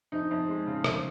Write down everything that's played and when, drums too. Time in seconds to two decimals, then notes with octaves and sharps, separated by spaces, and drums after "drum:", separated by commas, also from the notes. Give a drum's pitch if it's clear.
0.12 F2 D#4
0.31 F2
0.48 G#3
0.66 C#3
0.84 F2, drum: rim click